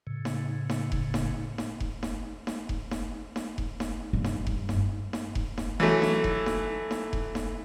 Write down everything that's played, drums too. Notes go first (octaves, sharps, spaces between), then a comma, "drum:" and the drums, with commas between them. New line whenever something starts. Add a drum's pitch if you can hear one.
A2 C#3
drum: snare D#4
drum: snare D#4
drum: kick F1
drum: snare D#4
drum: snare D#4
drum: kick F1
drum: snare D#4
drum: snare D#4
drum: kick F1
drum: snare D#4
drum: snare D#4
drum: kick F1
drum: snare D#4
G2
drum: snare D#4
drum: kick F1
drum: snare D#4
drum: snare D#4
drum: kick F1
drum: snare D#4
E3 F#3 A3
drum: snare D#4
drum: kick F1
drum: snare D#4
drum: snare D#4
drum: kick F1
drum: snare D#4